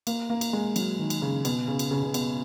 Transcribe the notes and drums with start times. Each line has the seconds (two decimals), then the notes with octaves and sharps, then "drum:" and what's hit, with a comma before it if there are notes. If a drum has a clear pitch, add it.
0.07 A#3, drum: cymbal
0.30 A#3
0.41 drum: cymbal
0.53 G#3
0.76 F#3, drum: cymbal
0.99 D#3
1.10 drum: cymbal
1.22 C#3
1.45 B2, drum: cymbal
1.68 C#3
1.79 drum: cymbal
1.91 C#3
2.03 C#3
2.14 B2, drum: cymbal